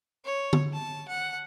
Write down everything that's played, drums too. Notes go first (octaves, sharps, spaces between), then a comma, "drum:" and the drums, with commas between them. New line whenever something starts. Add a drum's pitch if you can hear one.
C#5
drum: tom D3
A5
F#5